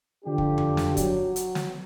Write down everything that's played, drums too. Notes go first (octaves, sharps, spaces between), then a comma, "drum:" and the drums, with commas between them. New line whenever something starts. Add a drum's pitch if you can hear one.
D3 F3 D4 G4
drum: kick
drum: tom F2
drum: snare
F#3, drum: kick, hi-hat
drum: hi-hat
drum: snare